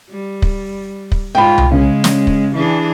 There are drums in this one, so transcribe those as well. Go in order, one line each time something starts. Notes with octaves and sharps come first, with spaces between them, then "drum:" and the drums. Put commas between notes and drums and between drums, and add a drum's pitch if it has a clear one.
G3
drum: kick
drum: kick
G#2 F4 G5 B5
drum: tom C2
C#3 G#3 C#4
drum: snare
drum: kick
E3 D4 G#4